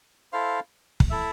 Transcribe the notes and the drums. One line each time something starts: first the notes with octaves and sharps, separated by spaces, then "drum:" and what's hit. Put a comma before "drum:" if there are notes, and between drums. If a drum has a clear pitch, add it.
E4 A4 C5 F5
drum: kick
E4 A4 E5